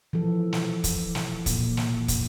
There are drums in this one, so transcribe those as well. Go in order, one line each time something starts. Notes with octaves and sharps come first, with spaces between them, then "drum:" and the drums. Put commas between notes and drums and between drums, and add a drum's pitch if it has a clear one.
E3 F3 A4
drum: snare
drum: kick, hi-hat
drum: snare
A#2, drum: kick, hi-hat
drum: snare
drum: kick, hi-hat